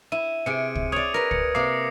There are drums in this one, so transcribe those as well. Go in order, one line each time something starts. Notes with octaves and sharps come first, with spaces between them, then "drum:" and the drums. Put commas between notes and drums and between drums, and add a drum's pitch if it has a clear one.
E4 D#7
C3 G#4 C#7 D7
drum: kick
C#5 D5 D#6 G#6 F7
A#4 B4 A#6
C#7, drum: kick
C3 A#3 D6 D#6 C7